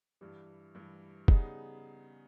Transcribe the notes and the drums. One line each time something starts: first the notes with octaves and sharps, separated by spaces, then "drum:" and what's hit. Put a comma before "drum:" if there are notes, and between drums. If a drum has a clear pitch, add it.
G2 E3 G3
G2 E3 G3
C#3 G3 B3 D#4 G#4, drum: kick